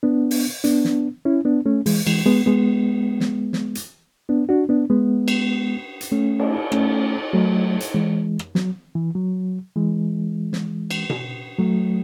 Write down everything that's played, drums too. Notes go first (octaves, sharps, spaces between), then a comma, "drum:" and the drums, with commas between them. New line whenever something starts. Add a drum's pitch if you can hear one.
B3 D4
drum: open hi-hat
B3 D4, drum: hi-hat
drum: snare
C#4 E4
B3 D4
A3 C#4
E3 G#3, drum: open hi-hat
E3 G#3, drum: cymbal
G#3 B3
G#3 B3
drum: snare
drum: snare
drum: hi-hat
B3 D4
D4 F#4
B3 D4
G#3 B3
drum: cymbal
drum: hi-hat
A3 C#4
drum: cymbal
A3 C#4, drum: rim click
F#3 A3
drum: hi-hat
E3 G#3
drum: rim click
F#3, drum: snare
E3
F#3
E3 G#3
drum: snare
drum: cymbal
drum: tom B2
F#3 A3